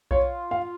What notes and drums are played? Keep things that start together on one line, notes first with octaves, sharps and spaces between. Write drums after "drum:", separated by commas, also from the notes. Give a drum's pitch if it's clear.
F4 C#5, drum: kick B1
F5